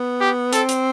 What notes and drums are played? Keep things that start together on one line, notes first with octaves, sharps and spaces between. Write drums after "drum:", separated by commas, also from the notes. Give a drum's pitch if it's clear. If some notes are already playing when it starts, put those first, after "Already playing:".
Already playing: B3
G4
C4 A4, drum: hi-hat
drum: hi-hat